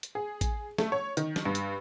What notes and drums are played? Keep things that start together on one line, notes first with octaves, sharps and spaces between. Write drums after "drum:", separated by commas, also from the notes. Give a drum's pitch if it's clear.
drum: hi-hat
G#4
drum: kick A1, hi-hat
A3, drum: snare
C#5
D#3, drum: hi-hat
drum: snare
G2
drum: hi-hat